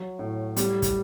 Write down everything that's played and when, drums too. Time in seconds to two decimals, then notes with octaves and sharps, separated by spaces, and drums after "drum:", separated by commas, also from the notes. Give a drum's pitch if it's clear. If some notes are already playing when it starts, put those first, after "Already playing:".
Already playing: F#3
0.19 A2
0.57 G3, drum: hi-hat
0.82 drum: kick, hi-hat